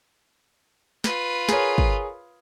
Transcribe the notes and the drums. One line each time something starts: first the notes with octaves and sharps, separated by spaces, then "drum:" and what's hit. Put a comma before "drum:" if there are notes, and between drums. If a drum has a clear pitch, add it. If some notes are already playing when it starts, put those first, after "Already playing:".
F4 B4, drum: snare
G#4 A#4 C#5, drum: snare
drum: kick